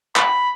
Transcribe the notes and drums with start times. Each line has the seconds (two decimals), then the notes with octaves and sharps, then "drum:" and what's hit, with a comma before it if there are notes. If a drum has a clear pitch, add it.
0.16 B5, drum: clap